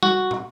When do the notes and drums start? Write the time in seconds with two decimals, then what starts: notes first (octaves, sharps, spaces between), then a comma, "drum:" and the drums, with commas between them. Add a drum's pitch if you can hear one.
0.03 F#4, drum: tom G3
0.31 drum: tom